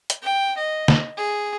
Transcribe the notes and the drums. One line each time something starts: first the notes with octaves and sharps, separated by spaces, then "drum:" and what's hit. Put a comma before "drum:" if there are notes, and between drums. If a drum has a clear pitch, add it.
drum: hi-hat
G5
D#5
drum: snare
G#4